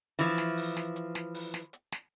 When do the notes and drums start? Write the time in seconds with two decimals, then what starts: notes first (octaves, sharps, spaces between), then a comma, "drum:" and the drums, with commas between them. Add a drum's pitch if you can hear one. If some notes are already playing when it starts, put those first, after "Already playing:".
0.19 E3 F3, drum: hi-hat
0.38 drum: snare
0.57 drum: open hi-hat
0.77 drum: snare
0.96 drum: hi-hat
1.15 drum: snare
1.34 drum: open hi-hat
1.54 drum: snare
1.73 drum: hi-hat
1.92 drum: snare